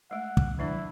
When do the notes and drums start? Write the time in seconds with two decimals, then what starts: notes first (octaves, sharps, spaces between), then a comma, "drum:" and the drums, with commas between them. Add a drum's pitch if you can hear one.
0.11 G#3 A3 F#5
0.37 drum: kick
0.59 D#3 F#3 D4 E4